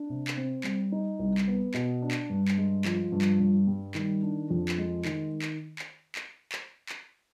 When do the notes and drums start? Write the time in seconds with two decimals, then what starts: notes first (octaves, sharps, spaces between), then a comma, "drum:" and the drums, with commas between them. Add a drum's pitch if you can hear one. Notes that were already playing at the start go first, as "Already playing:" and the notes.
Already playing: D4
0.10 C3
0.28 drum: clap
0.37 C4
0.64 G3, drum: clap
0.92 D#4
1.19 C2
1.38 drum: clap
1.47 B3
1.74 B2, drum: clap
2.02 D4
2.11 drum: clap
2.30 G2
2.48 drum: clap
2.57 G#3
2.85 F3, drum: clap
3.12 G2
3.22 drum: clap
3.40 G2
3.67 G3
3.95 D#3, drum: clap
4.23 D4
4.50 F2
4.69 drum: clap
4.78 G#3
5.05 D#3, drum: clap
5.42 drum: clap
5.79 drum: clap
6.15 drum: clap
6.52 drum: clap
6.89 drum: clap